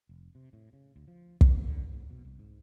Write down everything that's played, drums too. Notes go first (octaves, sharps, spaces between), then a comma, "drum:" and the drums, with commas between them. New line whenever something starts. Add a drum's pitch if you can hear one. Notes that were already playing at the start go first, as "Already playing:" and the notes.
F1
C3
A2
C#3
D2
F3
A#1, drum: kick
D3
G#2
B2
C2
G#2